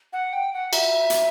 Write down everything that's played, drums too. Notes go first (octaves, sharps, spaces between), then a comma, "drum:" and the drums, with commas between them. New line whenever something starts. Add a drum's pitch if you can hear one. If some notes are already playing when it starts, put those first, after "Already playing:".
F#5
G5
F#5
E5, drum: cymbal
drum: hi-hat